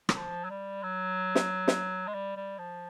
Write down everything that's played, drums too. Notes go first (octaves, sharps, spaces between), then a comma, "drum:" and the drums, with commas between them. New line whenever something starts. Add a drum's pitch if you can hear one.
F#3, drum: rim click
F3
F#3
G3
F#3
drum: snare
drum: snare
G#3
G3
G3
F3